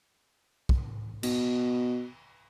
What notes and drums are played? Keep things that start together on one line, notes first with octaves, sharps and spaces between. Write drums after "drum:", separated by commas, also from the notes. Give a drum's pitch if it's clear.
drum: kick
B2, drum: cymbal